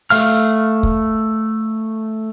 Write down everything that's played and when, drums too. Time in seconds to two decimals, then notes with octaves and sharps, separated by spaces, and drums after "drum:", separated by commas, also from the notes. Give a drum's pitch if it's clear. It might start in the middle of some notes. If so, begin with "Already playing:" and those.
0.10 A3 F5 F6, drum: open hi-hat
0.83 drum: kick